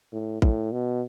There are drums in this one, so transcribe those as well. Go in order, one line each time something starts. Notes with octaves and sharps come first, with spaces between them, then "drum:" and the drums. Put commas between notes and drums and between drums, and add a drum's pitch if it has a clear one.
A2
A2, drum: kick
B2